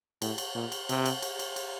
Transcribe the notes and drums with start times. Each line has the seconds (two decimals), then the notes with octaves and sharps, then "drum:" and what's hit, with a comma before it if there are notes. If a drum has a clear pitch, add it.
0.22 A2, drum: cymbal
0.38 drum: cymbal
0.55 A#2
0.72 drum: cymbal
0.89 C3, drum: cymbal
1.06 drum: cymbal
1.22 drum: cymbal
1.39 drum: cymbal
1.56 drum: cymbal